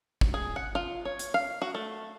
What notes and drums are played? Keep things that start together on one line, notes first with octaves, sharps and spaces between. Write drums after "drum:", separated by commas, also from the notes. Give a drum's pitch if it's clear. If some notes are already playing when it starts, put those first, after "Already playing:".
drum: kick
G#4
F#5
F4
C#5
drum: hi-hat
F5
F#4
A3